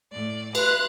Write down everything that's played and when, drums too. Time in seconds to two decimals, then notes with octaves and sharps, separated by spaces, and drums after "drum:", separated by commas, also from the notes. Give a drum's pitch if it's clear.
0.12 A2 D5
0.55 B4 C6 F#6, drum: cymbal